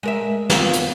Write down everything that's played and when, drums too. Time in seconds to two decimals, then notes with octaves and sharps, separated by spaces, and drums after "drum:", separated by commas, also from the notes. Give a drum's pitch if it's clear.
0.03 G#3 A#4 E5
0.50 B3 C4 F4, drum: snare
0.73 drum: hi-hat